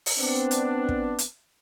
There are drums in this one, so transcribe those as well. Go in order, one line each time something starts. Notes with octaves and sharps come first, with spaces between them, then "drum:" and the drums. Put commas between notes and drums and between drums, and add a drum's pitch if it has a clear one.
drum: open hi-hat
B3 C4 D4
drum: hi-hat
drum: kick
drum: hi-hat